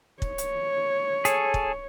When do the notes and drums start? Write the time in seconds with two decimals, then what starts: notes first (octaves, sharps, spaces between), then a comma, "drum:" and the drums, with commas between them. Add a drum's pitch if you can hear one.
0.22 C#5, drum: kick
0.38 drum: hi-hat
1.25 G#4 A4, drum: hi-hat
1.54 drum: kick